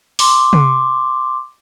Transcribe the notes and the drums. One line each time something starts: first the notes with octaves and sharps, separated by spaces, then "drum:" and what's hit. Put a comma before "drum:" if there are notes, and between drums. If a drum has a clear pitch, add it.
C6 D6, drum: open hi-hat
drum: tom